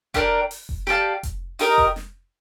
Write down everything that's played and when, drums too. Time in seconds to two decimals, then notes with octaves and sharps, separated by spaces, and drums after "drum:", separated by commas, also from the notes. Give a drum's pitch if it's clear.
0.14 D4 G4 A#4 D5, drum: kick F1, hi-hat
0.51 drum: open hi-hat
0.69 drum: kick F1
0.87 G4 D5 F5 A5, drum: snare
1.23 drum: kick F1, hi-hat
1.59 D#4 G4 A#4 D#5, drum: open hi-hat
1.78 drum: kick F1
1.96 drum: snare